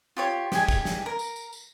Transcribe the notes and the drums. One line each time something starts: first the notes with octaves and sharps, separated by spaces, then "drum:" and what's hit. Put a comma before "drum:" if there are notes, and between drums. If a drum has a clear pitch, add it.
F4 G4 C#5
G4 G#4 G#5, drum: snare
drum: kick, tambourine
drum: snare
A#4
drum: tambourine
drum: tambourine
drum: tambourine